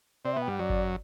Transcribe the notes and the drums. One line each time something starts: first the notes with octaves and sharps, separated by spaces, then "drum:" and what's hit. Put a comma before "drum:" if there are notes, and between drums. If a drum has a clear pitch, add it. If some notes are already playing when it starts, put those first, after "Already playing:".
C3 C4 D5
E5
B2 B3
G5
G2 G3 F#5
F#2 F#3 D5
drum: kick G1